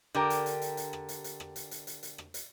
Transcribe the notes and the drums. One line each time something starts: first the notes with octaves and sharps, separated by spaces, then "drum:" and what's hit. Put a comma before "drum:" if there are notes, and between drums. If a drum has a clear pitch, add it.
D3 G4 A#4, drum: rim click
drum: hi-hat
drum: hi-hat
drum: hi-hat
drum: hi-hat
drum: rim click
drum: hi-hat
drum: hi-hat
drum: rim click
drum: hi-hat
drum: hi-hat
drum: hi-hat
drum: hi-hat
drum: rim click
drum: hi-hat